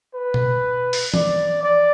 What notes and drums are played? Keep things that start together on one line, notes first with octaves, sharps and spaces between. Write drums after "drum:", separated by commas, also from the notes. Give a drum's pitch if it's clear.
B4
drum: tom B2
drum: open hi-hat
D5, drum: tom E3
D5